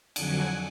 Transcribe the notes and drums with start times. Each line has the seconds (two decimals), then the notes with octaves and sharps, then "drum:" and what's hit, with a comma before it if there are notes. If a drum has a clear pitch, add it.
0.16 F2 D3 F#3 F#5 G#5, drum: cymbal